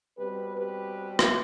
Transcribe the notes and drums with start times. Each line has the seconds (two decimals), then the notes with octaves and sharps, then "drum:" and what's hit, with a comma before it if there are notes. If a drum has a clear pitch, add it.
0.17 B2 G3 C4 G4 B4
0.57 G4 B4
1.19 drum: rim click